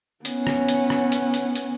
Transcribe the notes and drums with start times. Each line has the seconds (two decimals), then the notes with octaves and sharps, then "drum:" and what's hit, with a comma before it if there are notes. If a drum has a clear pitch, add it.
0.25 B3 C#4, drum: hi-hat
0.47 drum: rim click
0.68 drum: hi-hat
0.90 drum: rim click
1.12 drum: hi-hat
1.34 drum: hi-hat
1.55 drum: hi-hat